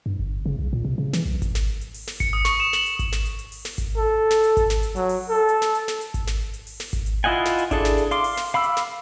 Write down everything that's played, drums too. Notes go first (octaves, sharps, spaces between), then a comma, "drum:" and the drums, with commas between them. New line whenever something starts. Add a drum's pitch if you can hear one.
G2
G1
C#3
C2
A#2
C3
C#3
E3, drum: snare
C2
drum: kick G#1, hi-hat
drum: snare
drum: hi-hat
drum: open hi-hat
drum: snare
C#7, drum: kick G#1, hi-hat
D#6
C#6, drum: snare
E7
F#7, drum: snare
drum: hi-hat
drum: kick G#1, hi-hat
drum: snare
drum: hi-hat
drum: hi-hat
drum: open hi-hat
drum: snare
drum: kick G#1, hi-hat
A4
drum: snare
drum: hi-hat
drum: kick G#1, hi-hat
drum: snare
drum: hi-hat
F#3, drum: hi-hat
drum: open hi-hat
A4
drum: hi-hat
drum: snare
drum: hi-hat
drum: snare
drum: hi-hat
drum: kick G#1, hi-hat
drum: snare
drum: hi-hat
drum: open hi-hat
drum: snare
drum: kick G#1, hi-hat
drum: hi-hat
E4 F4 D#5 F#5 G#5
drum: snare
drum: hi-hat
D4 E4 G#4 A4, drum: kick G#1, hi-hat
drum: snare
drum: hi-hat
F5 C6 D6, drum: hi-hat
drum: open hi-hat
drum: snare
F5 B5 D6 E6
drum: hi-hat
drum: snare